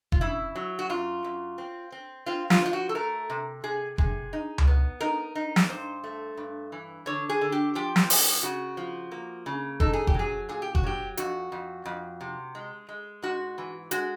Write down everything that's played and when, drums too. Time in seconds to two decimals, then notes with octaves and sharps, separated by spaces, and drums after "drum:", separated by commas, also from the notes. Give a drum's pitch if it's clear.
0.12 F4, drum: kick F#1
0.21 C#3 E4
0.56 F#3
0.79 F#4
0.89 F#2 F4
1.24 F#2
1.58 C4
1.92 C4
2.26 C4 F4
2.50 F4, drum: snare
2.62 F3 F4
2.73 F#4
2.89 A4
2.95 A3 A#4
3.30 C3
3.64 C3 G#4
3.98 C3 G#4, drum: kick F#1
4.33 D#4
4.58 drum: tom C#2
4.67 B3
5.01 D#4 A#4
5.35 D#4
5.56 drum: snare
5.70 G2 C5
6.04 A3
6.37 G2
6.72 E3
7.06 D3 C#5
7.29 G#4
7.41 D3
7.52 G4
7.75 F3 G4
7.96 drum: snare
8.10 F#2, drum: open hi-hat
8.43 C#3 F#4
8.77 F3
9.11 A#3
9.46 C#3
9.80 D#4 A4, drum: kick F#1
9.93 G#4
10.07 G4, drum: kick F#1
10.14 F#3 G#4
10.49 A#2 G#4
10.62 G4
10.75 F#4, drum: kick F#1
10.83 F#3 G4
11.17 F2 F#4, drum: hi-hat
11.52 F2
11.85 F2
12.21 C3
12.55 G#3
12.89 G#3
13.22 G#2 F#4
13.58 E3
13.91 G#3 F#4, drum: hi-hat